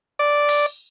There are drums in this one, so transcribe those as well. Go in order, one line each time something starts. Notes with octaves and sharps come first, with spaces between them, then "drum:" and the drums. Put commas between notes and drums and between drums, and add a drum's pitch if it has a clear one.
D5
drum: open hi-hat